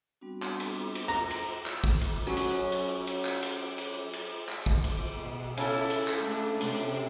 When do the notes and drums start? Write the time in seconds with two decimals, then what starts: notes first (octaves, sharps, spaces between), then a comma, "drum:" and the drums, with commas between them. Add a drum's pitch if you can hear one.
0.21 G3 B3 C4 D4 F#4
0.42 drum: clap
0.60 drum: cymbal
0.95 drum: cymbal
1.08 A#5
1.31 drum: cymbal
1.66 drum: clap
1.84 drum: kick
2.01 drum: cymbal
2.27 F#3 C#4
2.37 drum: cymbal
2.72 drum: cymbal
3.07 drum: cymbal
3.25 drum: clap
3.43 drum: cymbal
3.78 drum: cymbal
4.13 drum: cymbal
4.49 drum: clap
4.66 drum: kick
4.84 drum: cymbal
5.13 B2
5.57 C#3 E4 A4 E5, drum: cymbal
5.90 drum: cymbal
6.08 drum: clap
6.19 A3 D4
6.61 C3, drum: cymbal